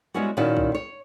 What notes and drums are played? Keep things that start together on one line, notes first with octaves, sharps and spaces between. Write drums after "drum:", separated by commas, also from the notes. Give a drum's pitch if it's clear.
G3 G#3 B3 C#4 E4 F#4
A#2 D#3 C#4 E4 F#4
drum: kick B1
C#5